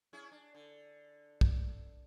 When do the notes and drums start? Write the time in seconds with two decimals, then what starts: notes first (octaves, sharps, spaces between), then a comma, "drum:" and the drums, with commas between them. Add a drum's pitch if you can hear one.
0.13 C#4 E4 G#4
0.31 D4
0.55 D3
1.41 drum: kick